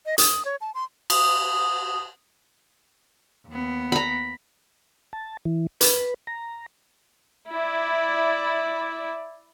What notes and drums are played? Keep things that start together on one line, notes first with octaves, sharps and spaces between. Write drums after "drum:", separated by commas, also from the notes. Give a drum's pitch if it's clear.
D#5
D#6, drum: hi-hat
C#5
A5
C6
D#6, drum: cymbal
D#2 B3
A#5 B5
A5
E3
B4, drum: hi-hat
A#5
E4 D5